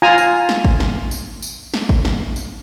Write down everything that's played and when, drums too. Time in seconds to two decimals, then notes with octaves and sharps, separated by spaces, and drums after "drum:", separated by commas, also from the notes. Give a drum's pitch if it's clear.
0.02 F4 G#5 A#5
0.18 drum: tambourine
0.49 drum: snare
0.65 drum: kick
0.80 drum: snare
1.11 drum: tambourine
1.42 drum: tambourine
1.74 drum: snare
1.89 drum: kick
2.05 drum: snare
2.36 drum: tambourine